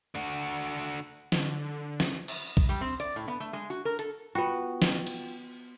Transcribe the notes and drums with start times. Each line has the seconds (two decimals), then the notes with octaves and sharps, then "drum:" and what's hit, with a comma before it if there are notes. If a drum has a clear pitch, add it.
0.15 D3 F#4
1.32 D3, drum: snare
2.00 drum: snare
2.28 drum: cymbal
2.57 drum: kick
2.69 G3
2.81 C4
3.00 D5, drum: hi-hat
3.16 A2
3.28 B3
3.40 A3
3.53 G#3
3.70 F#4
3.85 A#4
3.99 A4, drum: hi-hat
4.35 B3 F4 F#4 G5, drum: hi-hat
4.82 drum: snare
5.07 drum: cymbal